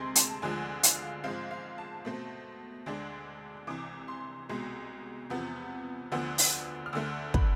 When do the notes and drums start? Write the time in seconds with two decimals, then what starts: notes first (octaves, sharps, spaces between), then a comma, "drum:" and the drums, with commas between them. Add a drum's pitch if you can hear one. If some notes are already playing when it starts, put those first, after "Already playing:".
Already playing: D2 C3 G#3 C6
0.15 A5, drum: hi-hat
0.42 D2 D3 F3 G#3 G#5
0.83 F5, drum: hi-hat
1.24 G#2 F3 G#3 C4 F5
1.51 F5
1.78 A5
2.05 B2 A3 C4
2.86 D2 D3 G#3 D4
3.67 C2 C3 E3 D6
4.08 C6
4.49 C2 B2 G#3
5.30 E2 C3 F3 B3
6.12 D2 D3 F3 B3 E6
6.38 drum: open hi-hat
6.86 F6
6.93 D2 D3 A3 E6
7.34 B5, drum: kick